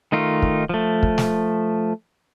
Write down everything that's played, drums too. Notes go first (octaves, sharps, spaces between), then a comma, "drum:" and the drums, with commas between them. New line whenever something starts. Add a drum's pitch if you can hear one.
D#3 A3 D#4 F4
drum: kick
F3 A3
drum: kick
drum: snare